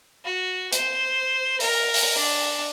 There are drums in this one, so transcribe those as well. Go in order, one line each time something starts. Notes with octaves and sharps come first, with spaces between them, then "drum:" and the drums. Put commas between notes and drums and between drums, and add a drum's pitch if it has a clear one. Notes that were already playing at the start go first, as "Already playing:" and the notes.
F#4
C5, drum: hi-hat
A#4, drum: open hi-hat
drum: open hi-hat
D4